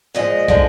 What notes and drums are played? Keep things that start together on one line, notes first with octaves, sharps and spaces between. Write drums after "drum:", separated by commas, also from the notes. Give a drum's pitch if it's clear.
A#2 F3 G#3 D#5
D3 F3 G#3, drum: kick